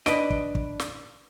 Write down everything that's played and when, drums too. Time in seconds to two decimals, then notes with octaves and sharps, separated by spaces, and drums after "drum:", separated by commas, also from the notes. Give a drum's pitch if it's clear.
0.06 D4 B4 D#5 D7, drum: snare
0.31 drum: kick
0.55 drum: kick
0.80 drum: snare